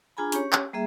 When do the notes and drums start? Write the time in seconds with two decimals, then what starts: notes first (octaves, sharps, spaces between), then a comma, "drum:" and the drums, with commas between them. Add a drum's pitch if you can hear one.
0.17 D4 F4 G#4 G#5 A#5 B5
0.32 C#4 G4 C#5, drum: hi-hat
0.53 drum: clap
0.73 G3 A#3 G#4 E5